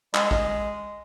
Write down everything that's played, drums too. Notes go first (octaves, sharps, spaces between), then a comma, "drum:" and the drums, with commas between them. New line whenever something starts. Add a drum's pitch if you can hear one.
G#3, drum: clap
drum: kick